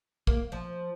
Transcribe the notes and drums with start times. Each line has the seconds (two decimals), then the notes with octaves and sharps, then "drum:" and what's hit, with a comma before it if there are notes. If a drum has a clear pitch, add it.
0.27 A#3, drum: kick
0.52 F3